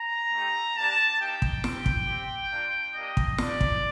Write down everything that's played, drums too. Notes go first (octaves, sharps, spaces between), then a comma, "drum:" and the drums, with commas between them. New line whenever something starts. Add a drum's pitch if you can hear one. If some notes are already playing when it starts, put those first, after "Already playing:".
Already playing: A#5
A3 D#4 G4
A#3 D4 G4 A5
A#3 D#4 G4 G5
drum: kick
C4 G4, drum: snare
drum: kick
C4 G4
A#3 D4 F4
A#3 D4 G4 D#5
drum: kick
A#3 D4 G4 D5, drum: snare
drum: kick